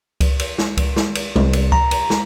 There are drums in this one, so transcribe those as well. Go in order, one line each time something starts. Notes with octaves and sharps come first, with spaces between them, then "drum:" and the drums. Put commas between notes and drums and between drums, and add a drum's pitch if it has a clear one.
drum: kick C#2, cymbal
drum: cymbal
drum: snare
drum: kick C#2, cymbal
drum: snare
drum: cymbal
C2, drum: tom G#3
drum: cymbal
A#5, drum: kick C#2
drum: cymbal
drum: snare